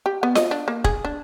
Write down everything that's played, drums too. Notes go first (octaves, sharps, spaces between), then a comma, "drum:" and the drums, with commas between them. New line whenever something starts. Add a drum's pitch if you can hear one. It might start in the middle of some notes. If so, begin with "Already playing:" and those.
G4
B3
D#5, drum: snare F4
D4
A#3
G#4, drum: kick
D4